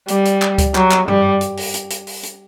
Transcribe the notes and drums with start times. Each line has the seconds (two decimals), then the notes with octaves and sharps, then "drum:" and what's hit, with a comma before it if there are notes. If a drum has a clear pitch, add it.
0.08 G3, drum: hi-hat
0.25 drum: hi-hat
0.42 drum: clap
0.58 drum: kick C#2, hi-hat
0.75 F#3, drum: clap
0.91 drum: clap
1.08 G3, drum: tom F#2
1.41 drum: hi-hat
1.57 drum: open hi-hat
1.74 drum: hi-hat
1.90 drum: hi-hat
2.07 drum: open hi-hat
2.23 drum: hi-hat